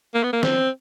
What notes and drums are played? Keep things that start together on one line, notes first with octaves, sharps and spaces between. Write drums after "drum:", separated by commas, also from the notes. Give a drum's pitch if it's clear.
A#3
B3
A#3
C4, drum: snare